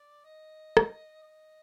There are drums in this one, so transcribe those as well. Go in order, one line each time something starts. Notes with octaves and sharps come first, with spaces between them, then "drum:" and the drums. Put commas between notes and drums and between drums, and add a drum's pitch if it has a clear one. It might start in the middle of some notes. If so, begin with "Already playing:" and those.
Already playing: D5
D#5
drum: rim click
D#5